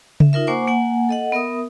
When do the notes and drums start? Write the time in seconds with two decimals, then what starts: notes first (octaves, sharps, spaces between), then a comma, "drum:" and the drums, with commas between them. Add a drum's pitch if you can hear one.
0.20 E5, drum: tom C#3
0.33 D#4 F4 A#4 E5
0.47 A#3 C5 F#5 G#5 C#6 D6
0.67 A#3 F#5 G#5
1.09 A4 D#5 F#5
1.32 B3 A#4 E5 D#6